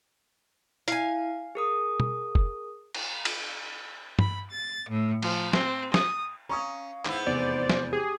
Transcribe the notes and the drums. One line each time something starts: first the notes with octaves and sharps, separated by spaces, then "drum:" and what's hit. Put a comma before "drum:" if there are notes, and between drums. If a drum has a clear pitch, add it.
E4 F5 G#5, drum: hi-hat
G#4 A#4 D#6
drum: tom
drum: kick F1
drum: cymbal
drum: cymbal
B5, drum: tom
A6
A2
F3, drum: cymbal
C4, drum: snare
D#6, drum: snare
C#4 F5 A#5 C#6 D#6
G#2 B3 E4, drum: clap
F1 E2 C5 D5
drum: snare
G4 G#4